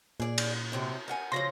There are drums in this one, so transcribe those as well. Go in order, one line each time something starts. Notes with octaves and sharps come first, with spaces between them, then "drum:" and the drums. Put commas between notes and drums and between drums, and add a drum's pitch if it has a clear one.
A#2 G#4 D5
drum: cymbal
F#2 C3 C4
A#4 F#5 G#5
C#3 F3 C#4 C6 A#6